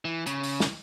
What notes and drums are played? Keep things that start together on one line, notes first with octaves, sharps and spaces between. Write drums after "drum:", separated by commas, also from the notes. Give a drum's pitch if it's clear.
E3
C#3, drum: hi-hat
drum: open hi-hat
drum: snare